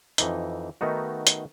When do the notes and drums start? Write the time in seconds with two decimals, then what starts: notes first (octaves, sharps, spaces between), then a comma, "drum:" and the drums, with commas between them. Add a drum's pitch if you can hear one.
0.18 F2 E3 D#4, drum: hi-hat
0.81 D#3 A3 B3 D#4 F#4
1.27 drum: hi-hat